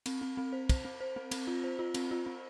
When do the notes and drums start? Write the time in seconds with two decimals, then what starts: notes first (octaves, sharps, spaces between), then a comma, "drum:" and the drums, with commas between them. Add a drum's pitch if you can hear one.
0.06 C4, drum: cymbal
0.21 C4
0.37 C4
0.53 C5
0.69 C5, drum: kick, cymbal
0.85 C4
1.01 C5
1.16 C4
1.31 C4, drum: cymbal
1.47 F4
1.64 C5
1.79 F4
1.94 C4, drum: cymbal
2.11 F4
2.26 C4